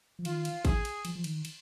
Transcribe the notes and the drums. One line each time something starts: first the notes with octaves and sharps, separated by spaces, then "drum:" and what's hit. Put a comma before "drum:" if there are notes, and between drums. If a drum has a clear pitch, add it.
F3
D#3 F4, drum: cymbal
drum: cymbal
G#4, drum: kick G#1, cymbal
drum: cymbal
F3, drum: cymbal
F3
D#3, drum: cymbal
drum: cymbal